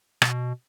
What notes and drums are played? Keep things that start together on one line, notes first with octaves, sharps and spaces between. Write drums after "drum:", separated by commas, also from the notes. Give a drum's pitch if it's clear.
B2, drum: rim click